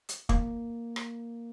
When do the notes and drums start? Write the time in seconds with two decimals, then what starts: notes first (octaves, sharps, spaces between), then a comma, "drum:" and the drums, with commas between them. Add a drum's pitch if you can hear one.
0.09 drum: hi-hat
0.29 A#3, drum: kick
0.96 drum: rim click